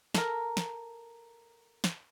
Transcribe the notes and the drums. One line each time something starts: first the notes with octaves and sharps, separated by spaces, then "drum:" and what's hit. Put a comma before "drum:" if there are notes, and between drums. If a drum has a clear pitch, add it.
A4 A#4, drum: snare
drum: snare
drum: snare